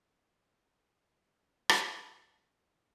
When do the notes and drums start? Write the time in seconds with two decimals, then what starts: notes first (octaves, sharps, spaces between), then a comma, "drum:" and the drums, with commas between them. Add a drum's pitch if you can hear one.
0.17 A#2 D#3 A#3
1.01 B3 C4 D4 D#4 A4 A#4
1.69 drum: rim click